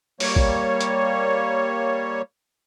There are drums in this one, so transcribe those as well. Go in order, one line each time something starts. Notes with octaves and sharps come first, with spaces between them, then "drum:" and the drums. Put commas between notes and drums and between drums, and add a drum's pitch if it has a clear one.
G3 A#3 C#5, drum: open hi-hat
drum: kick
drum: hi-hat